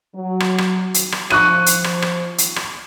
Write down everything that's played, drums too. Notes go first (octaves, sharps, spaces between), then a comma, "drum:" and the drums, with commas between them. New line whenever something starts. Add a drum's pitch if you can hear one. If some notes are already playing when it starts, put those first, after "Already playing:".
F#3
drum: rim click
drum: rim click
drum: hi-hat
drum: rim click
F3 C#6 F#6 D#7, drum: rim click
drum: hi-hat
drum: rim click
drum: rim click
drum: hi-hat
drum: rim click